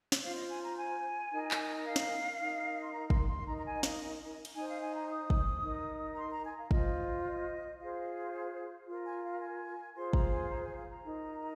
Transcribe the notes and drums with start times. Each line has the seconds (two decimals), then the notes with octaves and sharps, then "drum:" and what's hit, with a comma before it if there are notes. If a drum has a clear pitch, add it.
0.12 drum: snare
0.22 F4 C5 F5
0.36 D#5
0.49 G#5
0.63 A#5
0.76 G#5
1.31 D#4 A#4
1.51 drum: clap
1.84 F5
1.96 drum: snare
2.39 D#4 A#4
2.82 C6
2.93 A#5
3.10 C6, drum: kick
3.29 C6
3.46 D#4 A#4 A#5
3.58 A#5
3.65 G#5
3.75 D#5
3.83 F5, drum: snare
4.45 drum: cymbal
4.55 D#4 C5 G#5
4.68 F5
4.82 G#5
4.95 A#5
5.09 D#6
5.30 drum: kick
5.63 D#4 A#4
6.13 A#5
6.17 C6
6.31 A#5
6.45 G#5
6.58 F5
6.71 F4 C5 D#5, drum: kick
7.26 D#5
7.79 F4 G#4 C5 F5
8.87 F4 A#4
9.06 G#5
9.23 F5
9.41 G#5
9.95 F4 G#4 C5 C6
10.13 A#5, drum: kick
10.32 G#5
10.50 A#5
10.63 G#5
10.76 F5
10.90 A#5
11.04 D#4 A#4